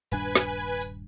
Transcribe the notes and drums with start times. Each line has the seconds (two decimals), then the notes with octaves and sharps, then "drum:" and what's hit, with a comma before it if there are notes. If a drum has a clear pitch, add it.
0.12 D#1 G2 D4 B4 G#5
0.35 drum: snare
0.81 drum: tambourine